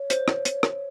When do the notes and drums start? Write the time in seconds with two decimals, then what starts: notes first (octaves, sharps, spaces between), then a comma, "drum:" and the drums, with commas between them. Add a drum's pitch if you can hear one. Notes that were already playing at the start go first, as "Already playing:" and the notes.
Already playing: C#5
0.10 C5, drum: hi-hat
0.28 drum: rim click
0.45 drum: hi-hat
0.63 drum: rim click